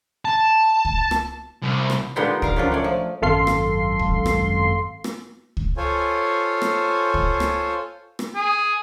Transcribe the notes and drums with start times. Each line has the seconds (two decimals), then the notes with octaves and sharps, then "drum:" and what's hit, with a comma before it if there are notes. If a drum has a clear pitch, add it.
0.25 A5
0.85 drum: kick C#2
1.11 drum: rim click
1.62 C2
1.90 drum: rim click
2.16 A#2 D3 G3 G#3 B3 D#4
2.42 A#4 F5 A#5, drum: kick C#2
2.56 A#2 C#3 F3 F#3 D4 F4
2.72 A3 C#5 D5
2.84 F3
3.22 G#1 F#2 A4 F5 C6 C7
3.47 drum: rim click
3.99 drum: kick C#2
4.26 drum: rim click
5.04 drum: rim click
5.57 drum: kick C#2
5.77 F4 A4 C5 C#5 G#5
6.62 drum: rim click
7.14 drum: kick C#2
7.40 drum: rim click
8.19 drum: rim click
8.35 G#4